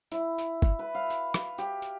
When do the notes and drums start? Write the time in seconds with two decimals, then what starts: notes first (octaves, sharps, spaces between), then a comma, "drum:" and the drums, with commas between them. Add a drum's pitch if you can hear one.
0.12 E4, drum: tambourine
0.38 drum: tambourine
0.62 drum: kick
0.79 B4
0.95 F5
1.10 drum: tambourine
1.34 drum: rim click
1.58 G4, drum: tambourine
1.82 drum: tambourine